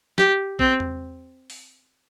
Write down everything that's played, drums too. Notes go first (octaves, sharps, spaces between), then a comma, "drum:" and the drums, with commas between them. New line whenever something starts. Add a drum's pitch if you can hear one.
G4, drum: snare
C4, drum: kick
drum: tom E2
drum: open hi-hat